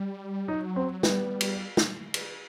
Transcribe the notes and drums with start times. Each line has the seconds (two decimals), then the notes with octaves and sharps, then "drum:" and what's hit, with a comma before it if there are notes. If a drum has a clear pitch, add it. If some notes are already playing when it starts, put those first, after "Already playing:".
Already playing: G3
0.48 F#3 D#4
0.76 C4
1.03 G3 B3, drum: snare
1.41 drum: cymbal
1.77 drum: snare
2.14 drum: cymbal